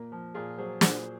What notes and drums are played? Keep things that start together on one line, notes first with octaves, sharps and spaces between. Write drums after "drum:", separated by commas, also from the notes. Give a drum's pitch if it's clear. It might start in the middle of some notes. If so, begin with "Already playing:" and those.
Already playing: A#2 A#3
F3
A#2 F4 G#4
F#3 G#4 C5
A#2 G#4 C5, drum: snare